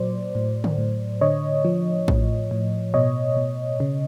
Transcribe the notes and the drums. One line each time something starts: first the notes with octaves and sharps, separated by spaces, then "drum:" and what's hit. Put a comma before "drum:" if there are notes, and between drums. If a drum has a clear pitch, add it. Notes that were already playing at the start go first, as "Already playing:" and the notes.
Already playing: A#2 F#3 C5 D5
A2
drum: tom D3
A2
D3 C#5 D#5
F3
A2, drum: kick A1
A2
B2 C#5 D#5
B2
C#3